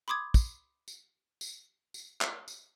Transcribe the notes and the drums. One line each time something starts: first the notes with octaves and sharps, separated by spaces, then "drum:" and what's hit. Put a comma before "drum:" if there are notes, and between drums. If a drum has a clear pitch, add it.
B5 C6 D6 D#6 G#6
drum: kick, tambourine
drum: tambourine
drum: tambourine
drum: tambourine
drum: clap
drum: tambourine